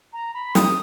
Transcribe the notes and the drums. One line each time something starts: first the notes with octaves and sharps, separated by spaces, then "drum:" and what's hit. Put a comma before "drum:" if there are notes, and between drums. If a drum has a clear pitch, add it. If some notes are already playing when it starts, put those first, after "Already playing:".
A#5
B5
D#6, drum: snare